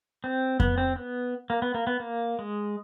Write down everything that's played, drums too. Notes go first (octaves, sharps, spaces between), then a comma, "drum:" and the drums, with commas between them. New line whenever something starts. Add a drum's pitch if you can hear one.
C4
B3, drum: kick F2
C4
B3
A#3
B3
A#3
B3
A#3
G#3